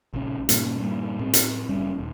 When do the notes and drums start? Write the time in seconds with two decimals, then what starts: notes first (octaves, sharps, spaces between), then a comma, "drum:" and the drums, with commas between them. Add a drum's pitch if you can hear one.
0.14 A#1 C#3
0.49 G2 A#2 C#3, drum: hi-hat
0.78 G2 A#2
1.20 A2 C4
1.34 drum: hi-hat
1.69 F#1 G3 C#4
1.98 D#1